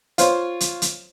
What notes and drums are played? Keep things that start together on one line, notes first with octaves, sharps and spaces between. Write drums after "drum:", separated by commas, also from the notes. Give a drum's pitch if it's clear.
F4 C5 C#5, drum: hi-hat
drum: hi-hat
drum: hi-hat